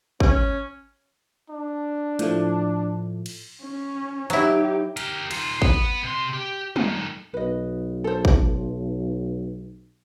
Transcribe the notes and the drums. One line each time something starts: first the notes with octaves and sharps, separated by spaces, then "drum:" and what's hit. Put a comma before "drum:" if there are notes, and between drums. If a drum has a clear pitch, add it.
C#4, drum: kick
D4
A2 F3 A3, drum: hi-hat
drum: cymbal
C#4
F#3 D#4 E4 G4, drum: hi-hat
G4 A#4, drum: hi-hat
D#3 F4, drum: cymbal
B3, drum: kick
C3 C6
G4
D#3 A3, drum: tom
B1 B4 D#5
A4 C5
drum: kick